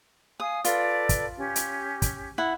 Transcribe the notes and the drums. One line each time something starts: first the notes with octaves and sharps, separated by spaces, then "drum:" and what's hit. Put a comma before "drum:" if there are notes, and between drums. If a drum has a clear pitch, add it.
F5 G#5 D#6
F4 A4 B4 D5, drum: hi-hat
drum: kick, hi-hat
C#4 G4
drum: hi-hat
drum: kick, hi-hat
E4 F#5